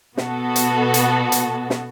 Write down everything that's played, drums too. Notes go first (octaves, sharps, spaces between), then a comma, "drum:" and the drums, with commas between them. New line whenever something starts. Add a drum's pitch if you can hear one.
B2 B3 F#4 A4, drum: snare
drum: hi-hat
drum: hi-hat
drum: hi-hat
drum: snare